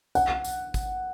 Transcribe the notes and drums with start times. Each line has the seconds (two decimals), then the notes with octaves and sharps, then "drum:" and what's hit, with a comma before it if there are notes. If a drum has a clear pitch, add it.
0.15 F#5, drum: tambourine
0.44 drum: tambourine
0.74 drum: kick, tambourine